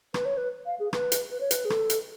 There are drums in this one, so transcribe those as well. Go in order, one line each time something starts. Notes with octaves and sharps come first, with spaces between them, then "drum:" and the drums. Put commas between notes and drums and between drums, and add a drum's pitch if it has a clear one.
B4, drum: rim click
C#5
B4
F5
G#4
B4, drum: rim click
drum: hi-hat
B4
C#5
B4, drum: hi-hat
G#4
A4, drum: rim click
drum: hi-hat